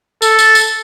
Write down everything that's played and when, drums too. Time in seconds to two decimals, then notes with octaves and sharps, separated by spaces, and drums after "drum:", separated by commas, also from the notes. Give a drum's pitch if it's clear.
0.22 A4, drum: tambourine
0.39 drum: tambourine
0.55 drum: tambourine